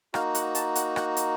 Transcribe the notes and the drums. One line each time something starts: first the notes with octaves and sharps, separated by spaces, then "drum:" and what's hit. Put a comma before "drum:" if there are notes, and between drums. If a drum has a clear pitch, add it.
A#3 D#4 F#4 F5, drum: rim click
F#5, drum: hi-hat
A5, drum: hi-hat
F#5, drum: hi-hat
F#5, drum: rim click
drum: hi-hat